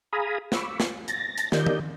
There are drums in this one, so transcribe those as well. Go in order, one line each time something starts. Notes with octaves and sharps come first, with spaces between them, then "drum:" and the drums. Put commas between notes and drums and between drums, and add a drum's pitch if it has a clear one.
G#4 F5 G#5 A#5 B5 D#6
B5 C#6 D6 E6, drum: snare
drum: snare
A6 A#6, drum: hi-hat
drum: hi-hat
D#3 G4 A#4 D5 D#5 G6, drum: snare
drum: tom D#3